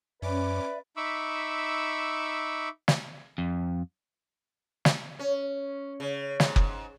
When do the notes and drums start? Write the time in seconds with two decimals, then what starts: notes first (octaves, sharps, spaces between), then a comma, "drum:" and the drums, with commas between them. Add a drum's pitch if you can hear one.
0.22 F#2 C#4 B4 D5 E5 D6
0.97 D#4 E5 B5 C#6 D6 E6
2.88 drum: snare
3.38 F2
4.85 drum: snare
5.19 C#4
6.00 C#3
6.40 G#2, drum: snare
6.56 drum: kick F#1